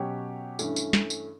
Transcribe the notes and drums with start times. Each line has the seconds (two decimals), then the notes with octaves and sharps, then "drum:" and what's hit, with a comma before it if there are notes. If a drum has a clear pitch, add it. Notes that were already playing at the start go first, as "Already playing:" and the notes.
Already playing: B2 F#3 C#4 G4 C#5
0.59 G2 E3 A3 C#4, drum: tambourine
0.76 drum: tambourine
0.93 drum: snare
1.10 drum: tambourine